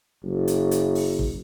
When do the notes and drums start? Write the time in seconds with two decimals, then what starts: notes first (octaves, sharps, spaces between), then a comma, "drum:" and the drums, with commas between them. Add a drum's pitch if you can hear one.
0.24 F#1
0.48 drum: hi-hat
0.71 drum: hi-hat
0.95 drum: open hi-hat
1.19 drum: kick